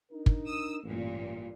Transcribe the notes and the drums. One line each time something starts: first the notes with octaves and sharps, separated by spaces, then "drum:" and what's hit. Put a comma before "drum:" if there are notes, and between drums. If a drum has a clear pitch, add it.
D4 D#4 A#4
drum: kick
D#6 E6
A1 G2 A#2 A#3